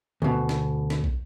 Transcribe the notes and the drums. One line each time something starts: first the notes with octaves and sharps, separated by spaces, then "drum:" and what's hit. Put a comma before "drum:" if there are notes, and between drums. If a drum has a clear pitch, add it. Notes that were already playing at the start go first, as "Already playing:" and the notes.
D2 B2
drum: snare
drum: snare
drum: kick